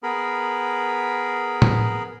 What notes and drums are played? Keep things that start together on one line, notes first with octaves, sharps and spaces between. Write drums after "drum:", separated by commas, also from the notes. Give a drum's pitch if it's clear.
B3 G#4 A#4 B5
drum: tom A2